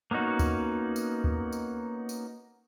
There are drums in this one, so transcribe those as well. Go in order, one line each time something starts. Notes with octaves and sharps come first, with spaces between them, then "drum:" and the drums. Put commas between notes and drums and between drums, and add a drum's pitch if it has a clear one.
A#3 B3 C#4 D#4 F#4
drum: kick D2, tambourine
drum: tambourine
drum: kick D2
drum: tambourine
drum: tambourine